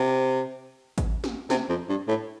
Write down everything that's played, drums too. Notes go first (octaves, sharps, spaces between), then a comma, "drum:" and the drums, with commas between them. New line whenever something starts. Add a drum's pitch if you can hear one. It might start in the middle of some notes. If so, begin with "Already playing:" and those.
Already playing: C3
drum: kick, hi-hat
drum: snare
C3, drum: snare
F2
G2
A2